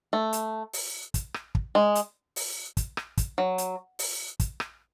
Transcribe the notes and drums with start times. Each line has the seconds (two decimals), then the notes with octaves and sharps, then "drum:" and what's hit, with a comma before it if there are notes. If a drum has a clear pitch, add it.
0.13 A3
0.33 drum: hi-hat
0.73 drum: open hi-hat
1.14 drum: kick, hi-hat
1.34 drum: rim click
1.55 drum: kick
1.75 G#3
1.95 drum: hi-hat
2.36 drum: open hi-hat
2.77 drum: kick, hi-hat
2.97 drum: rim click
3.17 drum: kick, hi-hat
3.38 F#3
3.58 drum: hi-hat
3.99 drum: open hi-hat
4.40 drum: kick, hi-hat
4.60 drum: rim click